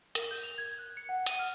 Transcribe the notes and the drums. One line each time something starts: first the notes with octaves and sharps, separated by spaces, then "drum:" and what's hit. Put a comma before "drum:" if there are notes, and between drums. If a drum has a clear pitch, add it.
A#4, drum: hi-hat
G6
F7
G#6
F#6
C#7
F#5
D#7, drum: hi-hat
F6